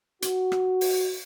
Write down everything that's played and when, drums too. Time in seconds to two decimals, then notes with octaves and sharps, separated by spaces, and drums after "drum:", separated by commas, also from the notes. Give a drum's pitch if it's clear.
0.22 F#4, drum: hi-hat
0.52 drum: rim click
0.81 drum: open hi-hat